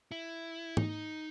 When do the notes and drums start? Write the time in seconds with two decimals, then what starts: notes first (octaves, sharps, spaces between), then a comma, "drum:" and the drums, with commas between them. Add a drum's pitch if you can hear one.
0.11 E4
0.77 D#4, drum: tom